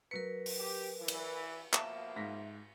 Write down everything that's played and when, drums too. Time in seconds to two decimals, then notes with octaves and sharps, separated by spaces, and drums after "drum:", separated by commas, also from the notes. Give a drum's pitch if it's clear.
0.11 F#3 A#4 B4 C#7
0.46 drum: open hi-hat
0.59 G4
0.99 E3
1.08 drum: cymbal
1.73 B2 F3 A#3 E5 A5 A#5, drum: clap
2.16 G#2 A#6 B6